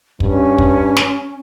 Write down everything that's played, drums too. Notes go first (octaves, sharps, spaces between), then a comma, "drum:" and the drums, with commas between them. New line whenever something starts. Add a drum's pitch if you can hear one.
G2 C#4, drum: kick
drum: kick
drum: snare